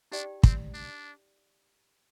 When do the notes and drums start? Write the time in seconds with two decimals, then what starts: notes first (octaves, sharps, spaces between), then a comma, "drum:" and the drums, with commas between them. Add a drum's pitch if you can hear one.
0.12 D4 D#4 G4 D5 G5
0.43 C4, drum: kick
0.74 D4